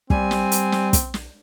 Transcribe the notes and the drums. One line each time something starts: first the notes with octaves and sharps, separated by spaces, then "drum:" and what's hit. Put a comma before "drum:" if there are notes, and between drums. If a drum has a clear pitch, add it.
G3 C4 G#5, drum: kick
drum: snare
drum: hi-hat
drum: snare
drum: kick, hi-hat
drum: snare